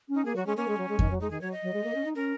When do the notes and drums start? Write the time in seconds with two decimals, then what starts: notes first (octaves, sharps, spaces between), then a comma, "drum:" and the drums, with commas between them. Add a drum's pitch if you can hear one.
0.08 C#4
0.14 D#4
0.25 A#3 G#4
0.35 F#3 F#4
0.46 G#3 C#4
0.57 A#3 C#4
0.67 G#3
0.77 F#3
0.88 G#3
0.99 D#3, drum: kick F2
1.10 F#3
1.20 G#3 D#4
1.30 D#3 G#4
1.41 F#3 C#5
1.52 D#5
1.62 F#3
1.73 G#3
1.84 A#3
1.94 C#4
2.05 D#4
2.15 C#4 A#4